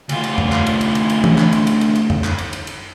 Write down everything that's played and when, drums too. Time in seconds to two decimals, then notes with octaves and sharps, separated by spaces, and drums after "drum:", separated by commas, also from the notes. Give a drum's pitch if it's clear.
0.09 D2 F4, drum: cymbal
0.24 drum: cymbal
0.38 drum: tom F2
0.52 drum: clap
0.67 drum: cymbal
0.81 drum: cymbal
0.95 drum: cymbal
1.10 drum: cymbal
1.24 drum: tom
1.38 drum: clap
1.53 drum: cymbal
1.67 drum: cymbal
1.81 drum: cymbal
1.96 drum: cymbal
2.10 drum: tom F2
2.24 drum: clap
2.38 drum: cymbal
2.53 drum: cymbal
2.67 drum: cymbal